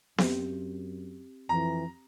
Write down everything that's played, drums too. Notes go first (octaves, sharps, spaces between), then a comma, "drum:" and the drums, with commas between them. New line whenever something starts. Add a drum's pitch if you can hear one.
F#2 C4 G4, drum: snare B3
F2 E3 A#5